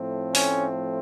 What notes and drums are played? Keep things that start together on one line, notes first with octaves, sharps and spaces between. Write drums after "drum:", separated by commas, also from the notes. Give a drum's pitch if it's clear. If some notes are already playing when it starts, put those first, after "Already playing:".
Already playing: A2 F3 A3 C4
C#4, drum: open hi-hat